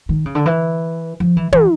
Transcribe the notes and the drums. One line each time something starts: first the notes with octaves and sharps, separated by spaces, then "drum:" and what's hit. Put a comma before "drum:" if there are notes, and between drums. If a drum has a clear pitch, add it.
D#3
C#3
D3
E3
F3
E3
E3, drum: tom